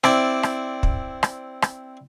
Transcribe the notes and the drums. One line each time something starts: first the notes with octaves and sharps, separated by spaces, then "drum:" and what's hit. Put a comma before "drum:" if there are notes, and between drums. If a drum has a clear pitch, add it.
C4 E4 D5, drum: rim click
drum: rim click
drum: kick
drum: rim click
drum: rim click